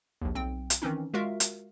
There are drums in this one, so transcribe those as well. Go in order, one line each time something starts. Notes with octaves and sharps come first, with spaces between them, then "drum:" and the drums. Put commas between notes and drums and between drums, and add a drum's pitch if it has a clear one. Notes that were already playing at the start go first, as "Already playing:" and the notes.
A#1 D#2
B1 C4 G5
drum: hi-hat
D#3 E3 C4 C#4 D#4
G#3 F4 F#4 A#4 E5 F5
drum: hi-hat